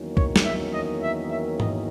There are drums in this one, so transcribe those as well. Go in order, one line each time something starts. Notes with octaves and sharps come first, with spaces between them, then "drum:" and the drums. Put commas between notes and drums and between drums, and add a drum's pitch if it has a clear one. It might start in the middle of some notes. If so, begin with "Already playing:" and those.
Already playing: E2 D#3 F#3 A#3 C#4
C#5, drum: kick C2
drum: snare
E5
D#5
E5
E5
D#5, drum: tom G#2